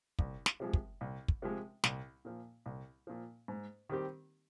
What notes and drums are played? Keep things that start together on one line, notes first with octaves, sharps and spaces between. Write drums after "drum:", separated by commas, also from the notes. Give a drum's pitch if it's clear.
C2, drum: kick
drum: snare
C3 F3 G#3
drum: kick
C2
drum: kick
C3 F3 G#3
C2, drum: snare
A#2 F3
C2
A#2 F3
G#2
D#3 G3 C4 G4